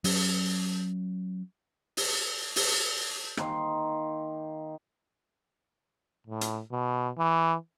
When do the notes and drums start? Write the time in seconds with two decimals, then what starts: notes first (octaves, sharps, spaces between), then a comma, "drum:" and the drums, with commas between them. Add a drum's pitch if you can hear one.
0.04 F#3 C#4, drum: open hi-hat
1.97 drum: open hi-hat
2.56 drum: open hi-hat
3.37 D#3 A#3 D#4 C6, drum: rim click
6.27 A2
6.41 drum: hi-hat
6.72 B2
7.18 E3